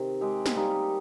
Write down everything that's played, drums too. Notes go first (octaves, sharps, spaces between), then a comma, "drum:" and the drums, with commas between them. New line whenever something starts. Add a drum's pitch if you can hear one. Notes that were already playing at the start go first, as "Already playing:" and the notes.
Already playing: C3 D#3
G#3 C4 G4
drum: snare
G3 A#3 D#4 G4